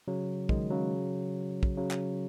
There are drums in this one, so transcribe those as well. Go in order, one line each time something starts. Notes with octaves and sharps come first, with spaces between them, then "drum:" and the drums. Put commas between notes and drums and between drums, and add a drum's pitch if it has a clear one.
C#3 F#3
D#3 G#3, drum: kick
C#3 F#3
drum: kick
C#3 F#3
drum: clap